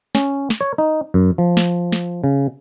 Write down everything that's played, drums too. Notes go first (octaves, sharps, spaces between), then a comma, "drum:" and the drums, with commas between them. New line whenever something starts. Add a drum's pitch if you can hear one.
C#4, drum: snare
drum: snare
C#5
D#4
F#2
F3
drum: snare
drum: snare
C#3